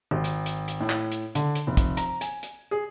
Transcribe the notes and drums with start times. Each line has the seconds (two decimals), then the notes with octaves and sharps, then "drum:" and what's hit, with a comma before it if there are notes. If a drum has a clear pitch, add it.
0.11 G#1
0.24 drum: hi-hat
0.46 drum: hi-hat
0.68 drum: hi-hat
0.80 A2
0.90 drum: clap
1.12 drum: hi-hat
1.35 D3, drum: hi-hat
1.55 drum: hi-hat
1.67 F1
1.77 drum: kick, hi-hat
1.97 A#5, drum: hi-hat
2.21 G#5, drum: hi-hat
2.43 drum: hi-hat
2.71 G#4